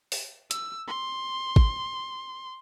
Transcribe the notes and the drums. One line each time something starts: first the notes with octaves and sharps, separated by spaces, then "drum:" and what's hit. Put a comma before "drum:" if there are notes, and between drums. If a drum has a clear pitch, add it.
drum: open hi-hat
E6, drum: hi-hat
C6
drum: kick